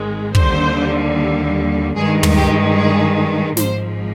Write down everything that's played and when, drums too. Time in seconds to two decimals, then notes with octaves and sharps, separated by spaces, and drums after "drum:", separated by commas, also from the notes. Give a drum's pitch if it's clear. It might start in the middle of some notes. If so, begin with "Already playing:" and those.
Already playing: G#1 G#2 D#3 G#3
0.35 D#2 D3 G3 C5, drum: kick
1.95 G2 D#3 G#3 G#4
2.23 drum: tom
2.35 G4
2.76 G#4
3.57 G#1 G#2 F3 C5, drum: snare